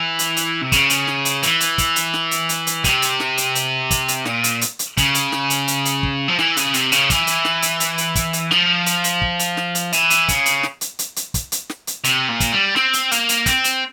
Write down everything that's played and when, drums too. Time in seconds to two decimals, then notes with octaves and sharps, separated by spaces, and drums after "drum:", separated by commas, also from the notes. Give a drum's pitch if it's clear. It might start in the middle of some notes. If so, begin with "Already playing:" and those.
Already playing: E3
0.19 drum: hi-hat
0.37 drum: hi-hat
0.61 C3
0.72 C#3, drum: kick, hi-hat
0.90 drum: hi-hat
1.07 drum: snare
1.25 drum: hi-hat
1.43 E3, drum: hi-hat
1.60 drum: hi-hat
1.78 drum: kick, hi-hat
1.96 drum: hi-hat
2.14 drum: snare
2.31 drum: hi-hat
2.49 drum: hi-hat
2.67 drum: hi-hat
2.84 C3, drum: kick, hi-hat
3.02 drum: hi-hat
3.20 drum: snare
3.37 drum: hi-hat
3.55 drum: hi-hat
3.91 drum: kick, hi-hat
4.08 drum: hi-hat
4.25 A#2, drum: snare
4.44 drum: hi-hat
4.61 drum: hi-hat
4.79 drum: hi-hat
4.97 C#3, drum: kick, hi-hat
5.15 drum: hi-hat
5.32 drum: snare
5.50 drum: hi-hat
5.68 drum: hi-hat
5.85 drum: hi-hat
6.03 drum: kick
6.28 F3
6.39 E3, drum: snare
6.57 C#3, drum: hi-hat
6.74 C3, drum: hi-hat
6.92 C#3, drum: hi-hat
7.10 E3, drum: kick, hi-hat
7.27 drum: hi-hat
7.45 drum: snare
7.62 drum: hi-hat
7.80 drum: hi-hat
7.98 drum: hi-hat
8.15 drum: kick, hi-hat
8.33 drum: hi-hat
8.51 F3, drum: snare
8.86 drum: hi-hat
9.04 drum: hi-hat
9.22 drum: kick
9.39 drum: hi-hat
9.57 drum: snare
9.75 drum: hi-hat
9.93 E3, drum: hi-hat
10.10 drum: hi-hat
10.28 C#3, drum: kick, hi-hat
10.46 drum: hi-hat
10.63 drum: snare
10.81 drum: hi-hat
10.99 drum: hi-hat
11.16 drum: hi-hat
11.34 drum: kick, hi-hat
11.52 drum: hi-hat
11.69 drum: snare
11.87 drum: hi-hat
12.04 C3, drum: hi-hat
12.29 A#2
12.40 drum: kick, hi-hat
12.52 G3
12.76 C4, drum: snare
12.93 drum: hi-hat
13.11 A#3, drum: hi-hat
13.29 drum: hi-hat
13.46 C4, drum: kick, hi-hat
13.64 drum: hi-hat